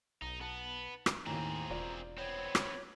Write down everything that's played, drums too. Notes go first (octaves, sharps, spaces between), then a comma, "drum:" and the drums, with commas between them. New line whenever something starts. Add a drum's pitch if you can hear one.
B1 D#4
B3 A5
drum: rim click
D#2 A2 D#3 C4 G#4 A#5
E1 F4 D5
B3 C4 C#5
drum: rim click